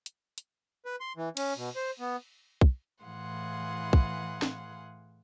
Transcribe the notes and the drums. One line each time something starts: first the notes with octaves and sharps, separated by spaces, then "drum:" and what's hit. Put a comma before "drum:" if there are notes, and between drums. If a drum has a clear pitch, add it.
drum: hi-hat
drum: hi-hat
B4
C6
E3
C#4, drum: cymbal
B2
C5
B3
drum: kick
A2 E3 G#4 F5 F#5 C6
drum: kick
drum: snare